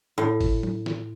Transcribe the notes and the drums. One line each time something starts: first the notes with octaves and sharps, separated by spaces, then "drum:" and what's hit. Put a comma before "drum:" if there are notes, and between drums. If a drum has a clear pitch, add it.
A2
drum: kick G1, open hi-hat
drum: tom
drum: snare